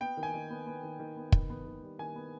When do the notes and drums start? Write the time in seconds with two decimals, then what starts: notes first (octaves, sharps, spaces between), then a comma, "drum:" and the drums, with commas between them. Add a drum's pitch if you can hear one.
0.01 B3 G5
0.17 D#3
0.23 G#5
0.34 D#3
0.50 B3
0.67 B3
0.83 D#3
1.00 D#3
1.17 B3
1.32 D#3, drum: kick
1.50 B3
1.66 D#3
1.82 G3
1.99 D#3 G#5
2.16 B3